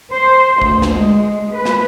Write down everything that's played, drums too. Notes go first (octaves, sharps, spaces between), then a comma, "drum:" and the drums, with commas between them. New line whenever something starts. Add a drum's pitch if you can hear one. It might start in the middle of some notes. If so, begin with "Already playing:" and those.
C5
D2, drum: kick
drum: snare
G#3
B4
drum: snare